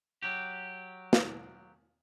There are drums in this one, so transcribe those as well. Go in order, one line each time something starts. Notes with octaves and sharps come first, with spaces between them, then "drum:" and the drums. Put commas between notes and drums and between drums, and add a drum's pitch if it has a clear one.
F#3 G4
drum: snare